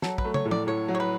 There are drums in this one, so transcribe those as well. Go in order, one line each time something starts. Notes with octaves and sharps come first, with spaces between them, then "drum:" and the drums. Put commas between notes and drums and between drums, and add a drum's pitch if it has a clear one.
F#3 A4, drum: snare
B4, drum: kick
A3
C#5, drum: tom
A2
D5, drum: tom
A2 C#5
F#3
C#5
B4